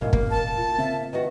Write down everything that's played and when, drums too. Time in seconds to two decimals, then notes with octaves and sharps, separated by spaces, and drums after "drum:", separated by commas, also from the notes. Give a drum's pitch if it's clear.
0.01 A1 D2 G#2 B2 A#4 F5
0.13 A#3, drum: kick
0.30 A5
0.57 F4
0.78 C#3 C4 E5
1.13 D#3 F#4 B4